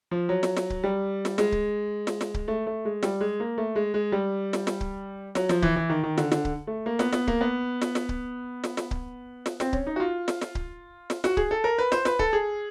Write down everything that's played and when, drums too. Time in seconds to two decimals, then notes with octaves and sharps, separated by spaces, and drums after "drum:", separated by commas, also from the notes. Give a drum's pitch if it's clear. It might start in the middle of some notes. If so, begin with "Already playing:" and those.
0.11 F3
0.29 F#3
0.43 drum: snare
0.57 drum: snare
0.70 drum: kick C#1
0.84 G3
1.25 drum: snare
1.38 G#3, drum: snare
1.52 drum: kick C#1
2.07 drum: snare
2.21 drum: snare
2.34 drum: kick C#1
2.48 A3
2.67 A3
2.85 G#3
3.03 G3, drum: snare
3.21 G#3
3.40 A#3
3.58 A3
3.75 G#3
3.94 G#3
4.12 G3
4.53 drum: snare
4.67 drum: snare
4.81 drum: kick C#1
5.35 F#3, drum: snare
5.49 F3, drum: snare
5.62 E3, drum: kick C#1
5.76 E3
5.89 D#3
6.03 D#3
6.18 D3, drum: snare
6.32 D3, drum: snare
6.45 drum: kick C#1
6.67 A3
6.86 A#3
6.99 B3, drum: snare
7.13 B3, drum: snare
7.27 A#3, drum: kick C#1
7.41 B3
7.82 drum: snare
7.95 drum: snare
8.09 drum: kick C#1
8.64 drum: snare
8.77 drum: snare
8.91 drum: kick C#1
9.46 drum: snare
9.60 C4, drum: snare
9.73 C#4, drum: kick C#1
9.87 D#4
9.96 F#4
10.00 F4
10.28 drum: snare
10.41 drum: snare
10.55 drum: kick C#1
11.10 drum: snare
11.24 F#4, drum: snare
11.37 G#4, drum: kick C#1
11.51 A4
11.64 A#4
11.78 B4
11.92 C5, drum: snare
12.05 B4, drum: snare
12.19 A4, drum: kick C#1
12.33 G#4